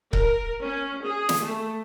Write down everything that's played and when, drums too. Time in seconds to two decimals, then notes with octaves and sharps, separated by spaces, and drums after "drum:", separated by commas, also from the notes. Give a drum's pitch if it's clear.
0.13 A#4, drum: kick C#1
0.66 C#4
1.06 G#4
1.29 drum: snare
1.42 A3